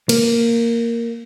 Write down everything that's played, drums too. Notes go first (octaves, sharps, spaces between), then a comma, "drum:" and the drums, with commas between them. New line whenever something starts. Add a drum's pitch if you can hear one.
A#3, drum: cymbal